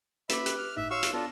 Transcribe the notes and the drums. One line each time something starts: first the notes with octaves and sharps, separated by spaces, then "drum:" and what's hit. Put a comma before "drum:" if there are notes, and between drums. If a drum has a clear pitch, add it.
A#3 C#4 F#4 B4 E5 B5 D6, drum: hi-hat
G4 F#6, drum: hi-hat
F6
G1 A2 D#4 E5
F#4 C#5 F5 C6 C#6 E6
drum: hi-hat
B3 D4 F4 A4 F6 A#6